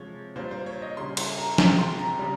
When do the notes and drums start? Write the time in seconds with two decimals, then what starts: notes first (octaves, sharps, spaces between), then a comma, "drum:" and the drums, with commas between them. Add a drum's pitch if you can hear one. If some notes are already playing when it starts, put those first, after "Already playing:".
Already playing: C3 F3 G#3 C#5
0.36 A#2 G3 C5
0.51 C5
0.66 C#5
0.82 D#5
0.97 C#3 G3 C6
1.17 C6, drum: cymbal
1.38 A#5
1.58 C3 F3 G#3 G5, drum: snare
1.78 C6
1.99 A#5
2.19 C#3 G3